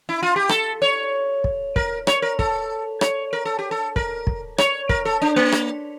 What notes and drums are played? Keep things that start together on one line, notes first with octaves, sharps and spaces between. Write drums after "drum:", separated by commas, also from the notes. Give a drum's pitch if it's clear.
E4
F4
G4
A4, drum: rim click
C#5
drum: kick
A#4, drum: kick
C#5, drum: rim click
A#4
A4, drum: kick
C#5, drum: rim click
A#4
A4
G4
A4
A#4, drum: kick
drum: kick
C#5, drum: rim click
A#4, drum: kick
A4
D4
A#3
drum: rim click